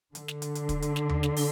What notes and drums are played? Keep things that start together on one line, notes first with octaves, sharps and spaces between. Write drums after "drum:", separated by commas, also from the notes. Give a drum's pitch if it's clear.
D3, drum: hi-hat
drum: snare
drum: hi-hat
drum: hi-hat
drum: kick, hi-hat
drum: hi-hat
drum: snare
drum: tom D#2
drum: snare
drum: open hi-hat